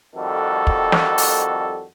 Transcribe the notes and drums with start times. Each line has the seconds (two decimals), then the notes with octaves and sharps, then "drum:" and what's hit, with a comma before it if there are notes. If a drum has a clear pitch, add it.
0.16 F2 D#3 G3 F#4 A4
0.67 drum: kick
0.92 drum: snare
1.18 drum: open hi-hat